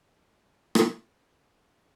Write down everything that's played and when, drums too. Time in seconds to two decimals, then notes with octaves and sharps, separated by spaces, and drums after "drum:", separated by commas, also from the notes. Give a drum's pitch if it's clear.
0.03 C#4
0.29 D5
0.75 drum: rim click
0.90 B5
1.34 G3
1.52 C#5